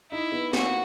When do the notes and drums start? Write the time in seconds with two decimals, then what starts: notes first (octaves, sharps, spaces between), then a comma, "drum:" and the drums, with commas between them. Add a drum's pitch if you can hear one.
0.12 D#4 E4
0.32 B3
0.53 A#3 F#4, drum: snare